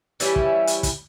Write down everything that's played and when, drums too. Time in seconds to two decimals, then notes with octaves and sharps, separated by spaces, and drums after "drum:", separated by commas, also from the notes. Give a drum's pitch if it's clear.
0.20 E3 G3 C#4 E4, drum: hi-hat
0.36 drum: kick
0.67 drum: hi-hat
0.83 drum: kick, hi-hat